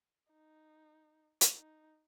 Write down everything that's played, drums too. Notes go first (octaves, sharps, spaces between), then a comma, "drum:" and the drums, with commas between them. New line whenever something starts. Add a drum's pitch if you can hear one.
D#4
drum: hi-hat
D#4